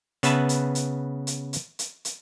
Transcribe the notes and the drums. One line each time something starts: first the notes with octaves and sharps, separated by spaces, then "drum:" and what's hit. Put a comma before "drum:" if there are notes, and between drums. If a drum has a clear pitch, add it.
C#3 B3 B4 E5 A5, drum: hi-hat
drum: hi-hat
drum: hi-hat
drum: hi-hat
drum: hi-hat
drum: hi-hat
drum: hi-hat